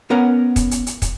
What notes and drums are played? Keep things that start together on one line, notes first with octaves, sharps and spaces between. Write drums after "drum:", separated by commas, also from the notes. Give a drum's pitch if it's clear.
B3 C#4 A#4 F#5
drum: kick, hi-hat
drum: hi-hat
drum: hi-hat
drum: kick, hi-hat